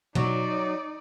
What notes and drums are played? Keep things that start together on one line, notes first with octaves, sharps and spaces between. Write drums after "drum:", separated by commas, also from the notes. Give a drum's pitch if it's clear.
F#3 D#4 D5, drum: tom B2